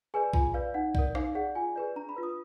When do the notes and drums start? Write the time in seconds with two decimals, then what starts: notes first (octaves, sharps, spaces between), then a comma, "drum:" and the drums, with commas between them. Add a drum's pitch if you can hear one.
0.14 G#4 B4 D5 G#5
0.33 F4 G#5, drum: kick B1
0.54 B4 D5 F5
0.74 D#4 F#5
0.95 A#4 D5, drum: kick B1
1.15 D#4 F5, drum: rim click
1.35 G#4 D5 F#5
1.55 F4 G#5
1.76 G#4 B4 D5
1.96 D4 A#5
2.09 B5
2.16 F4 B4
2.23 D#6